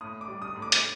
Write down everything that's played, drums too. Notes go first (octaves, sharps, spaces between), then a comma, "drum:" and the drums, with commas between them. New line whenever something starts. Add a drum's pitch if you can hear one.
A2 D#6
D6
G3
D#6
A2
D6
drum: hi-hat